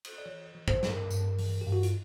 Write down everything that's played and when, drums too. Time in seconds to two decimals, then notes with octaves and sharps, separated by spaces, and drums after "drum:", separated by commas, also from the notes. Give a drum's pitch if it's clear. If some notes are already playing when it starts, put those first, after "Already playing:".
0.05 drum: cymbal
0.18 D5
0.26 E3 C#5
0.55 E3
0.68 C5, drum: kick
0.83 G2, drum: snare
0.89 A#4
1.11 G2, drum: tambourine
1.38 E3, drum: open hi-hat
1.61 G2 G4
1.72 F#4
1.83 F4, drum: hi-hat